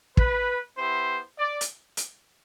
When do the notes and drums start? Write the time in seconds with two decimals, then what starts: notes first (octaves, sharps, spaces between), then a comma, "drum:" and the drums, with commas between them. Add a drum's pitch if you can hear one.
0.17 B4, drum: kick
0.78 B3 E4 G4 C5
1.39 D5
1.61 drum: hi-hat
1.97 drum: hi-hat